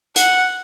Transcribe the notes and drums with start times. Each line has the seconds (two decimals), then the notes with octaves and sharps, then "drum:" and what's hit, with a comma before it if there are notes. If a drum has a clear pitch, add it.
0.16 F#5, drum: hi-hat